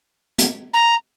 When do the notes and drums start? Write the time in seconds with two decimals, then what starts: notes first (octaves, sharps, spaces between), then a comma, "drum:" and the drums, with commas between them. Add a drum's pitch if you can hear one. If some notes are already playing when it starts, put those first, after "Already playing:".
0.38 drum: hi-hat
0.73 A#5